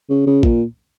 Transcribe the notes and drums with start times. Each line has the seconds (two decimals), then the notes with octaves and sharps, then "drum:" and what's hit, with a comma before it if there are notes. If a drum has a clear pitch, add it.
0.10 C#3
0.26 C#3
0.43 A#2, drum: kick A1